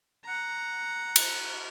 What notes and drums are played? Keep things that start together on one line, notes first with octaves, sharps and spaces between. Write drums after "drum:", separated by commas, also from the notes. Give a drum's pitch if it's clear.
F#5 A#5
drum: cymbal